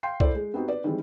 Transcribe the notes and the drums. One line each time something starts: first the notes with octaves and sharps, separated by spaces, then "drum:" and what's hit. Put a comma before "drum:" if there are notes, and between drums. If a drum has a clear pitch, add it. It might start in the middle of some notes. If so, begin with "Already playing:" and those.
F5 G5 C6 G6 C7
E4 A4 C5 D5, drum: kick C2
G#3
B3 C4 D#4 F#4 G4
B4 D5
D#3 E3 G3 G#3 C4